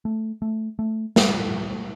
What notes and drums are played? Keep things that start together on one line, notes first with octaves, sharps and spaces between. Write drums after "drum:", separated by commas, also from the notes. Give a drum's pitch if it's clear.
A3
A3
A3
G3, drum: snare